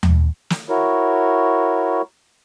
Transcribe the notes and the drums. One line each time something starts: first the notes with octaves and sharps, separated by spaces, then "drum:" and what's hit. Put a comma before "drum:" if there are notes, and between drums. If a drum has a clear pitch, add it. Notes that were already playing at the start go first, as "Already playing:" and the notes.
drum: tom D#2
drum: snare
E4 F#4 A#4 C#5